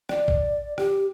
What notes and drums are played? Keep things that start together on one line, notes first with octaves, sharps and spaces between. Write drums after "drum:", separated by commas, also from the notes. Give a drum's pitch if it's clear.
D5, drum: rim click
drum: kick
G4, drum: rim click